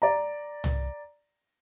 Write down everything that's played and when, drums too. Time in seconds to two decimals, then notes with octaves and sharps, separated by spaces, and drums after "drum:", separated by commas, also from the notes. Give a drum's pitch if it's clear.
0.02 D5 A#5
0.64 drum: tom